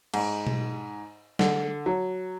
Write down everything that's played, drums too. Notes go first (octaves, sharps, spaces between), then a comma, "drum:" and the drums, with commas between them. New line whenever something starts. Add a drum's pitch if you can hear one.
G#2, drum: cymbal
drum: tom B2
D3, drum: snare
F#3